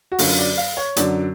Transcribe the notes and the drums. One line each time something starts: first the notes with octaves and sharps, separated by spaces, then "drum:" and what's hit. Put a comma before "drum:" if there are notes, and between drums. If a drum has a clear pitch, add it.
F#4
F#2 D3 F#3 F4, drum: open hi-hat
D5
F5
C#5
F#2 D3 F#3 D5, drum: hi-hat